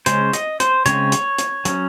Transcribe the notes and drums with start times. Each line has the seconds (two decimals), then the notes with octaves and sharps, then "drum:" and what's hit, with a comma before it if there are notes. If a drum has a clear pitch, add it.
0.06 C#3 G#3 C#4 C5, drum: hi-hat
0.33 D#5, drum: hi-hat
0.60 C5, drum: hi-hat
0.86 C#3 G#3 C4 C#5, drum: hi-hat
1.12 drum: hi-hat
1.38 drum: hi-hat
1.65 F#3 C#4, drum: hi-hat